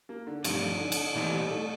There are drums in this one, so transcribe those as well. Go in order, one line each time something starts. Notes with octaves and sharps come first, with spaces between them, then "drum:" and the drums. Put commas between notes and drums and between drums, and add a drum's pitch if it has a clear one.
A#3
D3
G2 C3 F3 A3 D4 F4, drum: cymbal
D3
drum: cymbal
A#2 E3 A3 C4 G4
G3
A3